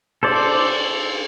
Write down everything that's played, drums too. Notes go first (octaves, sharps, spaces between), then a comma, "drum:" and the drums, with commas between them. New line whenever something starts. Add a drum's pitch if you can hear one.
A4 C5 D5, drum: cymbal